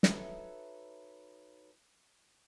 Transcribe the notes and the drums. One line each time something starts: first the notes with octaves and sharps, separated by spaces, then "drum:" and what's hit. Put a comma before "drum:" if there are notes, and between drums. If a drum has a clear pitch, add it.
D#4 F#4 A4 B4 C#5 E5, drum: snare